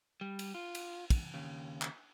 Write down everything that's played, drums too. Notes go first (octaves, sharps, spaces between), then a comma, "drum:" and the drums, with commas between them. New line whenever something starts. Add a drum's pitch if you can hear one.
G3
drum: cymbal
F4
drum: cymbal
drum: kick, cymbal
D#2 C#3
drum: clap